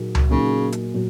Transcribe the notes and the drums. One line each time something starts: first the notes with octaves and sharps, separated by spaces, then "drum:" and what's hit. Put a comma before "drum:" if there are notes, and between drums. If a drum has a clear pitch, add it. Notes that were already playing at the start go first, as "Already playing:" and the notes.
Already playing: A#2 F#3 A#3 D#4 G#4
drum: tom C#2
A#2 C#3 F#3 A#3 D#4 G#4
drum: hi-hat
A#2 F#3